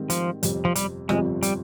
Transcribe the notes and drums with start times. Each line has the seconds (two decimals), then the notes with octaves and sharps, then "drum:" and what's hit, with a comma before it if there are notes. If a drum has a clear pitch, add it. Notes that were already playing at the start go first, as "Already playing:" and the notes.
Already playing: G#2 D#3 G3 C4
0.10 F3, drum: hi-hat
0.43 G1 F2 C3, drum: hi-hat
0.65 F3
0.76 G3, drum: hi-hat
1.09 G1 F2 C3 F3 G#3 C4, drum: rim click
1.43 G3, drum: hi-hat